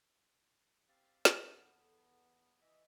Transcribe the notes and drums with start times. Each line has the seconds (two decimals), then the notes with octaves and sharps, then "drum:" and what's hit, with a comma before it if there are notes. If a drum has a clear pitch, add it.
0.89 C4 G4 F5 A6
1.25 drum: snare
1.52 E2 B3 A4
2.61 E3 D#5 E5